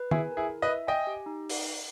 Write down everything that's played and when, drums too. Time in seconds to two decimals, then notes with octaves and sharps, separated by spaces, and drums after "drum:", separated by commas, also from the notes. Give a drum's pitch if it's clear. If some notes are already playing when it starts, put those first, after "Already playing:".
Already playing: B4
0.11 E4 G#4 G#5, drum: tom D#3
0.31 A#4
0.37 E4 G#4
0.49 E4
0.62 B4 D#5
0.69 E5
0.87 D#5 G5 G#5
1.07 G4
1.26 D#4
1.50 drum: open hi-hat